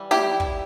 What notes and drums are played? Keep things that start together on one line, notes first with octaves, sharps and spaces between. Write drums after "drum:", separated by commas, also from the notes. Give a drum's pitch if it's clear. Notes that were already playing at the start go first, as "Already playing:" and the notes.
Already playing: E3 G3
E4 G4, drum: snare
drum: kick